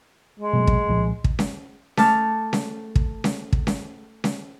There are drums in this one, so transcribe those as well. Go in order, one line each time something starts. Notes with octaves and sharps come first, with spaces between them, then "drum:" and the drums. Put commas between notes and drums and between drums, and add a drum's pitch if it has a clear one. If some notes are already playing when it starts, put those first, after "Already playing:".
G#3
B2 F#3 A3
drum: kick
C2 A#2 F3
drum: kick
drum: snare C#4
A3 A5 D6 F6, drum: snare C#4
drum: snare C#4
drum: kick
drum: snare C#4
drum: kick
drum: snare C#4
drum: snare C#4